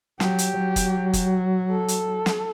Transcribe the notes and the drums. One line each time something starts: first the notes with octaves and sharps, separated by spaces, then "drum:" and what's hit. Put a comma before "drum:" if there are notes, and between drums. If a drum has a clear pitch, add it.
F#3 G4, drum: snare
drum: hi-hat
F#3
drum: kick, hi-hat
drum: kick, hi-hat
A4
drum: hi-hat
drum: snare